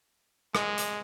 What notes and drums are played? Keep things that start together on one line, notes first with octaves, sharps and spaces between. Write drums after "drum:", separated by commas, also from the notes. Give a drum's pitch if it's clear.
G#3, drum: rim click
drum: hi-hat